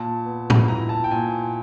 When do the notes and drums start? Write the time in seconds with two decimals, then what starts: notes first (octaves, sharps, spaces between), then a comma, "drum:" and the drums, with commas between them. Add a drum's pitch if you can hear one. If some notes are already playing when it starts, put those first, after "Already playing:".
Already playing: A#2 A5
0.25 B3
0.50 drum: tom A2
0.68 E4 A#5
0.89 A5
1.04 G5
1.11 A#2 G#5